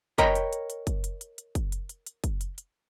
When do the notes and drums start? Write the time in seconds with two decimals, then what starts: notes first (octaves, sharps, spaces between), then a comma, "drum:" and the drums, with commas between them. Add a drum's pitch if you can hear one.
0.18 A#4 C#5 D#5 G5 A#5 B5, drum: kick, hi-hat
0.35 drum: hi-hat
0.53 drum: hi-hat
0.70 drum: hi-hat
0.87 drum: kick, hi-hat
1.04 drum: hi-hat
1.21 drum: hi-hat
1.38 drum: hi-hat
1.55 drum: kick, hi-hat
1.72 drum: hi-hat
1.89 drum: hi-hat
2.07 drum: hi-hat
2.24 drum: kick, hi-hat
2.41 drum: hi-hat
2.58 drum: hi-hat